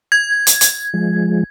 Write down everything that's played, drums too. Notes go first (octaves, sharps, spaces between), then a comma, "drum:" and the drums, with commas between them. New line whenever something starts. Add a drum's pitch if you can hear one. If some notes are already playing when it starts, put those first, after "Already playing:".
G#6
drum: hi-hat
drum: hi-hat
F3 G#3